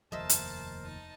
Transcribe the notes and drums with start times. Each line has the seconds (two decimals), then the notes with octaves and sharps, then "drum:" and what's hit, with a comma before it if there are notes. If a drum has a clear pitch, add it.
0.12 F1 D#2 F3 A#4 C5 D#5 E5 A5
0.29 drum: hi-hat
0.84 D#4 A5